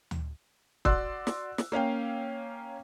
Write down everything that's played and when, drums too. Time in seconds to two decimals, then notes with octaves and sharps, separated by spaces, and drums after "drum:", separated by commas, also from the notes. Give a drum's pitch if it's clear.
0.11 drum: tom D2
0.85 F#4 D5 C6 E6 F#6, drum: kick
1.27 drum: snare
1.58 drum: snare
1.72 A#3 C#4 F5 G5